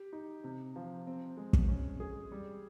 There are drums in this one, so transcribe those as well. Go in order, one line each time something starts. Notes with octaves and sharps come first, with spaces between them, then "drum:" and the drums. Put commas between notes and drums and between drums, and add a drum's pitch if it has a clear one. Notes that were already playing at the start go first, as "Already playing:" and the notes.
Already playing: G4
D#4
C3
F3
C4
G#3
drum: kick
C#4
G#4
G3